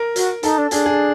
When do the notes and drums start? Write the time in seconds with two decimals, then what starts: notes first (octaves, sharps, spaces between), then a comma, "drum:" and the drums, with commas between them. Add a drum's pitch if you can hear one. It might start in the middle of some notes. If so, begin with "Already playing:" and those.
Already playing: A#4
0.16 F#4, drum: hi-hat
0.43 D#4 A4, drum: hi-hat
0.58 D4
0.71 D4 G#4, drum: hi-hat
0.86 G#4